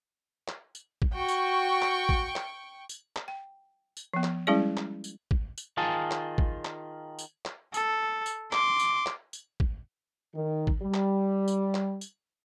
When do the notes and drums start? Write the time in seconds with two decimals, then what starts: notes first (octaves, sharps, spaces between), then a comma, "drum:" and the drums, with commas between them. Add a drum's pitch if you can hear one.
0.48 drum: clap
0.75 drum: tambourine
1.02 drum: kick
1.16 F#4 G5 C#6
1.28 drum: tambourine
1.82 drum: clap
2.09 drum: kick
2.36 drum: clap
2.89 drum: tambourine
3.16 drum: clap
3.28 G5
3.97 drum: tambourine
4.14 F3 B3
4.24 drum: clap
4.47 G3 G#3 C#4 E4 G#4 D5
4.77 drum: clap
5.04 drum: tambourine
5.31 drum: kick
5.58 drum: tambourine
5.77 D#3 F4 G#4 A5
6.11 drum: clap
6.38 drum: kick
6.65 drum: clap
7.19 drum: tambourine
7.45 drum: clap
7.74 A4, drum: tambourine
8.26 drum: tambourine
8.53 C6 D6, drum: clap
8.79 drum: tambourine
9.06 drum: clap
9.33 drum: tambourine
9.60 drum: kick
10.35 D#3
10.67 drum: kick
10.81 G3
10.94 drum: clap
11.48 drum: tambourine
11.75 drum: clap
12.01 drum: tambourine